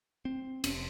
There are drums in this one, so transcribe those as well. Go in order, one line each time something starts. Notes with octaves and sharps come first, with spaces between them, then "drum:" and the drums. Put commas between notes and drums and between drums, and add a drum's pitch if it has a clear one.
C4
F1 C3 C#4, drum: cymbal